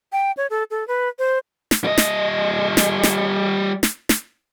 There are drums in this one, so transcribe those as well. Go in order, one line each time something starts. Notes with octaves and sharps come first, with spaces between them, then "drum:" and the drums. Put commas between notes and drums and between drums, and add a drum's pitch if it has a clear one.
G5
C#5
A4
A4
B4
C5
drum: snare
G3 D#5
drum: snare
drum: snare
drum: snare
drum: snare
drum: snare